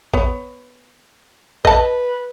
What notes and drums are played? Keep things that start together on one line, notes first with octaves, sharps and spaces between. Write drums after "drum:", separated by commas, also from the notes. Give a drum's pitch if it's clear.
B3 C#5, drum: kick A#1
B4 D#5 A5, drum: kick A#1